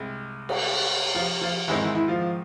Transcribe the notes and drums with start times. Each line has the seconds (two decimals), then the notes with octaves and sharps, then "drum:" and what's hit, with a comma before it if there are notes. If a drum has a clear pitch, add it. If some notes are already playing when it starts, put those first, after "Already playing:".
Already playing: C2 G#3
0.49 drum: cymbal
1.15 F3 F4
1.41 F3 F4
1.68 G#2 D#3 E3 G#3 C4 E4
1.82 E3 E4
1.95 E3 E4
2.08 F3 F4